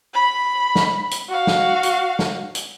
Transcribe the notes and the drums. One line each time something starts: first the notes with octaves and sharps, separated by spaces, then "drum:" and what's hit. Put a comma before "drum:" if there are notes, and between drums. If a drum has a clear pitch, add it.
B5
drum: snare
drum: hi-hat
F#4 F5
drum: snare
drum: hi-hat
drum: snare
drum: hi-hat